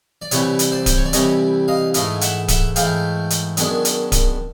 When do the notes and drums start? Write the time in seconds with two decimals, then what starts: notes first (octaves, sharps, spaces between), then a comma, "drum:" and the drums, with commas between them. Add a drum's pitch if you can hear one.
0.22 D5
0.31 C2 C3 E3 G3 B4 C#5, drum: hi-hat
0.59 drum: hi-hat
0.72 C5 D5
0.86 drum: kick D1, hi-hat
0.97 C#5
1.05 D5
1.13 C2 C3 E3 G3 C#5 D#5, drum: hi-hat
1.68 D#5 F5
1.94 G#2 E3 A3 D#5 F5, drum: hi-hat
2.21 E5 F#5, drum: hi-hat
2.48 E5 F#5, drum: kick D1, hi-hat
2.76 G#2 E3 A3 F5 G5, drum: hi-hat
3.30 drum: hi-hat
3.57 F#2 D#3 G#3 B3 D4, drum: hi-hat
3.85 drum: hi-hat
4.12 drum: kick D1, hi-hat